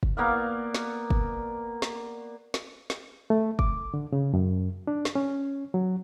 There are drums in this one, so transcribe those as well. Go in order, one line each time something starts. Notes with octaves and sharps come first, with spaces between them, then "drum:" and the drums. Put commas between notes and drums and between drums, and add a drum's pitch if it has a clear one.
drum: kick
A#3 B3 D5 F5
drum: snare
drum: kick
drum: snare
drum: snare
drum: snare
A3
D6, drum: kick
D3
C#3
F#2
D4
drum: snare
C#4
F#3